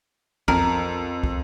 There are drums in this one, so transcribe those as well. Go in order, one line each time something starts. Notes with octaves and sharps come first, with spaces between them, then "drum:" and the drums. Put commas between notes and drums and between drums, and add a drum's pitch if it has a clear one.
F2 A#4, drum: kick
drum: kick